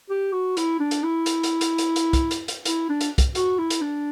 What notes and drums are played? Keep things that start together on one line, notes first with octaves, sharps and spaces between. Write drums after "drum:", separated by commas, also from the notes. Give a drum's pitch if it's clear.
G4
F#4
E4, drum: hi-hat
D4
drum: hi-hat
E4
drum: hi-hat
drum: hi-hat
drum: hi-hat
drum: hi-hat
drum: hi-hat
drum: kick, hi-hat
drum: hi-hat
drum: hi-hat
E4, drum: hi-hat
D4
drum: hi-hat
drum: kick, hi-hat
F#4, drum: hi-hat
E4
drum: hi-hat
D4